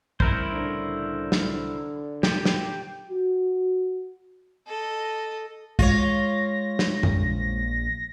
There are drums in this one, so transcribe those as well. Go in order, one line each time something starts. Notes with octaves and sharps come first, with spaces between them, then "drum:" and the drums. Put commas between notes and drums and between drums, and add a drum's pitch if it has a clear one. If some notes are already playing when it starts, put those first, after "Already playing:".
C2 A2 C#3 E4 A#4 C5, drum: kick
D3
drum: snare
A#2 G4, drum: snare
drum: snare
F#4
A4 D#5
G#3 F4 C#5 A#6, drum: kick
drum: snare
A#1, drum: tom F2